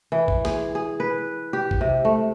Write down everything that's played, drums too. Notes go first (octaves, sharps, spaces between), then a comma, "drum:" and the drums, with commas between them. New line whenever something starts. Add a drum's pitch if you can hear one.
E3
drum: kick
G#4, drum: snare
G#4
B4
G4
drum: kick
C3
A3